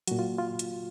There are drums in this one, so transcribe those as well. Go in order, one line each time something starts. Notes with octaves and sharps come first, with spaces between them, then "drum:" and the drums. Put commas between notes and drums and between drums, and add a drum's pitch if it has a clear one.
A#2 F#3 F#4, drum: hi-hat
F4
F4
drum: hi-hat